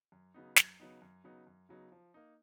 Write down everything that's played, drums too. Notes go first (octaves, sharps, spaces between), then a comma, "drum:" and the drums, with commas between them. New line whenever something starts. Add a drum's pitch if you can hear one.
F#2
C#3 F#3 B3 D#4
F#2, drum: snare
C#3 F#3 B3 D#4
F#2
C#3 F#3 B3 D#4
F#2
C#3 F#3 B3 D#4
F3
A#3 D#4